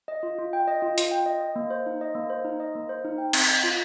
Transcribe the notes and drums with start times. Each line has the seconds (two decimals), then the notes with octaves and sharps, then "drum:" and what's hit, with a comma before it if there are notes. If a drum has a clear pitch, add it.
0.08 D#5
0.23 F4
0.39 F4
0.53 G5
0.68 D#5
0.82 F4
0.98 F4, drum: hi-hat
1.11 G5
1.26 D#5
1.41 D#5
1.56 A#3
1.70 C5
1.86 D#4
2.01 D#5
2.15 A#3
2.30 C5
2.45 D#4
2.60 D#5
2.75 A#3
2.89 C5
3.05 D#4
3.18 G5
3.33 C4, drum: cymbal
3.48 D#5
3.64 F4